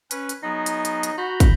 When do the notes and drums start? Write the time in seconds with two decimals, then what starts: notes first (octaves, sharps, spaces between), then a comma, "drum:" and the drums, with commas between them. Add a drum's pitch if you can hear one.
0.11 C#4 B4, drum: hi-hat
0.29 drum: hi-hat
0.43 F#3 B3 D#4 G#4
0.66 drum: hi-hat
0.85 drum: hi-hat
1.03 drum: hi-hat
1.18 F#4 A#5 B5 G6
1.40 drum: kick, hi-hat